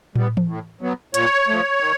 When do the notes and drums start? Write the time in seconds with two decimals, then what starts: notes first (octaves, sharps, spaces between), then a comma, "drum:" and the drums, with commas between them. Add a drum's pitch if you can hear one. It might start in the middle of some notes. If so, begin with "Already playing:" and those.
0.16 G3 B3, drum: tom
0.37 drum: tom E3
0.48 A2
0.81 F#3 B3
1.14 A#2 C#5, drum: hi-hat
1.48 F3 A3
1.80 D#3